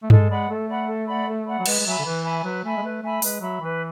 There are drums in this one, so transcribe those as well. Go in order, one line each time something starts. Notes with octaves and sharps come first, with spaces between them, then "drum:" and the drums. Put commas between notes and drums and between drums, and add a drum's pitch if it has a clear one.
A3
G#3 A4, drum: tom G2
G#3 D5 F#5 B5
A3 A4
D5 F#5 B5
A4
D5 F#5 B5
A4
D5 F#5 B5
F#3
G#3 B4, drum: cymbal
G#3
F#3 E5 G#5 B5
D3
E3 B4
E5 G#5 B5
F#3 B4
A3 E5 G#5 B5
G#3
A3 B4
A3 E5 G#5 B5
G#3 B4, drum: open hi-hat
F#3 E5 B5
E3 B4